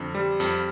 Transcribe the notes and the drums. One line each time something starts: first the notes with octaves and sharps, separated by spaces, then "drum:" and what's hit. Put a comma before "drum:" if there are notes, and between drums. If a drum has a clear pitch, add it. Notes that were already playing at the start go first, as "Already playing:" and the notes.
Already playing: F2 D3
G3
F2, drum: hi-hat